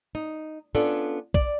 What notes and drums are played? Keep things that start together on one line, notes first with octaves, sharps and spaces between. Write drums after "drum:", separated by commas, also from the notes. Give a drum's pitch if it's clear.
D#4
B3 C#4 D4 F4 A4
D5, drum: kick